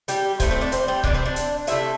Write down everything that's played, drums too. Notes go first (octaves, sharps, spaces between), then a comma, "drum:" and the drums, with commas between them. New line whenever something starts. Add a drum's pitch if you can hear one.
G3 G4, drum: hi-hat
A2 A3 C4 C5, drum: kick C#1, hi-hat
C4 C5
D4 D5
C4 C5, drum: hi-hat
G3 G4
C3 E3 G3 D4 D5, drum: kick C#1
C4 C5
D4 D5
drum: hi-hat
C3 A3 E4 E5, drum: hi-hat